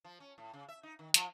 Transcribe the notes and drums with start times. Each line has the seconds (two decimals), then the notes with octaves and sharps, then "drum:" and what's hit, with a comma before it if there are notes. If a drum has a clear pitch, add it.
0.04 F3
0.20 C#4
0.38 A2
0.53 C#3
0.68 E5
0.83 D#4
0.99 D#3
1.14 F3, drum: hi-hat